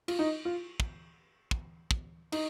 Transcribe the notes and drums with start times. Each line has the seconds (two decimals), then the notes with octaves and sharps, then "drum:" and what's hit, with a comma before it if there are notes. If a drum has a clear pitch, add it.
0.08 F4, drum: cymbal
0.19 D#4
0.45 F4
0.80 drum: kick
1.51 drum: kick
1.91 drum: kick
2.32 D#4, drum: cymbal